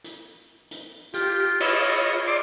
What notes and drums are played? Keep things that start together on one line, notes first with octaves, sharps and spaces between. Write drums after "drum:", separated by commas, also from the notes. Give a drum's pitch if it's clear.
drum: hi-hat
drum: hi-hat
F4 G4, drum: hi-hat
E4 F4 C#5 D#5, drum: cymbal
D5 C6 D6 E6